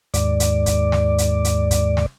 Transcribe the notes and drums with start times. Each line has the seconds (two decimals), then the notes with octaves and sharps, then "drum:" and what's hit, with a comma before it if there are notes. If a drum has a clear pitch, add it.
0.14 D#2 G#2 D5, drum: hi-hat
0.40 drum: hi-hat
0.66 drum: kick, hi-hat
0.92 drum: snare
1.18 drum: hi-hat
1.45 drum: hi-hat
1.71 drum: kick, hi-hat
1.97 drum: snare